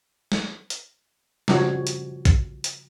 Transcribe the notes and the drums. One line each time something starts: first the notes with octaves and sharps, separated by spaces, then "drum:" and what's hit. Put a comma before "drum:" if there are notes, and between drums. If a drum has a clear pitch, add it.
drum: snare
drum: hi-hat
C#3 F3 G3 D#4 F#4 C#5, drum: snare
drum: hi-hat
drum: kick, hi-hat
drum: hi-hat